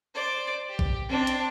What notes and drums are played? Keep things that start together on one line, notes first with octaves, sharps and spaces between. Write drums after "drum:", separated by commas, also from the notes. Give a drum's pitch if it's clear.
C5 D5
G4
drum: kick A#1
C4 D4
drum: hi-hat